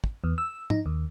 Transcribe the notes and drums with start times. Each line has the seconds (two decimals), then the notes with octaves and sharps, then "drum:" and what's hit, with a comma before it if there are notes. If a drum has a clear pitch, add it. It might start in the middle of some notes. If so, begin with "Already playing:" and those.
0.04 drum: kick
0.24 E2
0.38 E6
0.70 D#4, drum: tom G#2
0.86 D#2